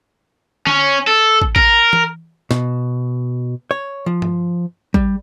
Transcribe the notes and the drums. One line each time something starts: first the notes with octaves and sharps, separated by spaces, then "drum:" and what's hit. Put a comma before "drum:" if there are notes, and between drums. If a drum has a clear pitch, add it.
C#4, drum: tom D3
A4
drum: kick
A#4, drum: kick
drum: tom E3
B2, drum: snare
C#5
F3
drum: tom G2
G3, drum: kick